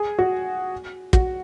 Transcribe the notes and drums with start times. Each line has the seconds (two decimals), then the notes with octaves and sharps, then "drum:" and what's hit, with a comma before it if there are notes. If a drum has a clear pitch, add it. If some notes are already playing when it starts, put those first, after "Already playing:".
Already playing: G#4
0.19 F#4
1.13 F#4, drum: kick